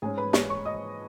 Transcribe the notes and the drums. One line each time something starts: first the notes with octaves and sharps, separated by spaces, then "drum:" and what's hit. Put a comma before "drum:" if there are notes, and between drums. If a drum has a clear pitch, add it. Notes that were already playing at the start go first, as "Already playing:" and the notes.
G#2 G#3 C#4 G#4 G#5
B4 B5
C#5 C#6, drum: snare
C#5 C#6
D#5 D#6